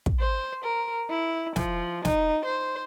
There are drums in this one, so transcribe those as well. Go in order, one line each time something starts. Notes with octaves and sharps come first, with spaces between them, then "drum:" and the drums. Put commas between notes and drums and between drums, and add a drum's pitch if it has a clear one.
drum: kick
C5
A#4
E4
F3, drum: snare
D#4, drum: snare
C5